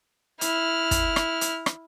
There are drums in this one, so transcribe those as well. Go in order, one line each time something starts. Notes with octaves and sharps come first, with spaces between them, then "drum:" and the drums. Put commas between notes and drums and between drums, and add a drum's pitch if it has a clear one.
E4 F6, drum: hi-hat
drum: kick, hi-hat
drum: rim click
drum: hi-hat
drum: rim click